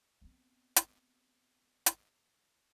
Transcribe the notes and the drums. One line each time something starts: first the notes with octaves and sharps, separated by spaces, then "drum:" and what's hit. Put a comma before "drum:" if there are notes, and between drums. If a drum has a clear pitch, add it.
B3 C4
drum: hi-hat
drum: hi-hat